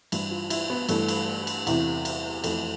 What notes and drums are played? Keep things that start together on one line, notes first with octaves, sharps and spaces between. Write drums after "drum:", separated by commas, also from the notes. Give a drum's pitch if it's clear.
G2 E3 E4, drum: cymbal
F4
E4, drum: cymbal
B3
G2 E3 A3, drum: cymbal
drum: cymbal
drum: cymbal
E2 C3 E3, drum: cymbal
drum: cymbal
F2 E3 A3, drum: cymbal